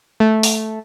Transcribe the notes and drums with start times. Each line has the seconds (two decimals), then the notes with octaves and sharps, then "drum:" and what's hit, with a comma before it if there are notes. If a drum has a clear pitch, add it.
0.20 A3
0.43 drum: open hi-hat